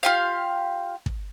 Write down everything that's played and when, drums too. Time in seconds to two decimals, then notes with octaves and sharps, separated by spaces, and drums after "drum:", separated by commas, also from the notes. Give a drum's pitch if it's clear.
0.03 F4 G4 F5
1.06 drum: kick